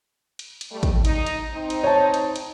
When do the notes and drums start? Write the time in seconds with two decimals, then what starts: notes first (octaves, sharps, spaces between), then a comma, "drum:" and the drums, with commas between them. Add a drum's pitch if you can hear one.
0.39 drum: cymbal
0.61 drum: cymbal
0.71 G3 A3
0.83 drum: kick, cymbal
1.05 D#4, drum: cymbal
1.26 drum: cymbal
1.53 C4 D#4
1.70 drum: cymbal
1.84 C#5 A5
2.14 drum: cymbal
2.36 drum: cymbal